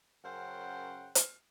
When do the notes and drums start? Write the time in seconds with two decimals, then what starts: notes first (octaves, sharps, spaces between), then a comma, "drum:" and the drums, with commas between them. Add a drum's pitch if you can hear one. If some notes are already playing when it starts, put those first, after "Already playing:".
0.24 F#2 C#3 A#4 C5 F#5 G5
1.15 drum: hi-hat